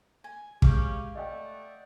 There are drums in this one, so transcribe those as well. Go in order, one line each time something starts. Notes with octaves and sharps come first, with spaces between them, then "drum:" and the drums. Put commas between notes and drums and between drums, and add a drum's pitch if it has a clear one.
G#5
G#3 C#4 G4 F5 D6 G6, drum: kick
A3 D5 D#5 F#5 G5